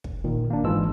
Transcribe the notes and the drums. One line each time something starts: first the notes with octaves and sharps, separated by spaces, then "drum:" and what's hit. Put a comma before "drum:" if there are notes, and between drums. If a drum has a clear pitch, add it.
drum: kick
A#2 D#3
A#3 D4
G#1 G#2 E3 G#3 F4 E6